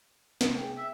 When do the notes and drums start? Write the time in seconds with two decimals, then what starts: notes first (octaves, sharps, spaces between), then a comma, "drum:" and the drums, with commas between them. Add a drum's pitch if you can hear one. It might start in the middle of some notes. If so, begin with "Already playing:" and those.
0.41 C3 A3, drum: snare
0.58 G#4 G5
0.77 E5